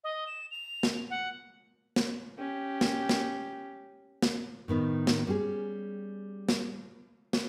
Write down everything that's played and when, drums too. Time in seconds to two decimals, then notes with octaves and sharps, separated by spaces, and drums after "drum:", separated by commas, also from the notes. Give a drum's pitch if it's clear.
0.04 D#5
0.27 E7
0.51 F7
0.83 drum: snare
1.10 F#5
1.96 drum: snare
2.38 C#4 G4
2.81 drum: snare
3.09 drum: snare
4.22 drum: snare
4.68 A2 D#3 B3 D#4
5.07 drum: snare
5.27 G3 C#4 G4 G#4
6.49 drum: snare
7.33 drum: snare